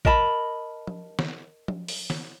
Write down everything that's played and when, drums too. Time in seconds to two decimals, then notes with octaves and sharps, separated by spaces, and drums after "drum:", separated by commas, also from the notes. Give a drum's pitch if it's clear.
0.05 A#4 D#5 A5 B5, drum: kick
0.87 drum: tom F3
1.19 drum: snare
1.68 drum: tom F3
1.88 drum: open hi-hat
2.10 drum: snare